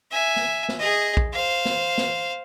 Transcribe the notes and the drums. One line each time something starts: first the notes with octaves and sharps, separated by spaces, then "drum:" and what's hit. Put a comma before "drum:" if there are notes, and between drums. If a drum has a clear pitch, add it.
E5 G#5
drum: snare
drum: snare
G#4 D#5
drum: kick
C5 F5
drum: snare
drum: snare